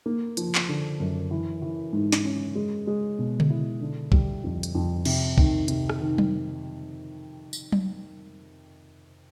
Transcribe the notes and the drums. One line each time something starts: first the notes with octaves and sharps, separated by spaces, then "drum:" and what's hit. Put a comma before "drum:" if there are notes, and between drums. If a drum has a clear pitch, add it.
A#3
F3, drum: hi-hat
drum: clap
D3
F#2
E3
E3
G#2
drum: snare
C#4
G#3
G#3
B2
drum: tom C#3
E4
D3
G3, drum: kick
F2
drum: hi-hat
F2
C3, drum: cymbal
D#3, drum: kick
C3, drum: hi-hat
drum: rim click
D#3
drum: tom F#3
drum: tambourine
drum: tom F#3